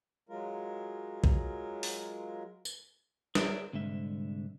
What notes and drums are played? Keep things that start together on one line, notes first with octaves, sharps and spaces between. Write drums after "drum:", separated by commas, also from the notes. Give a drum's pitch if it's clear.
F#3 G#3 F4 A#4
drum: kick B1
drum: open hi-hat
drum: tambourine
G#4 C#5 D5 E5, drum: snare
C2 G#2 D3 E5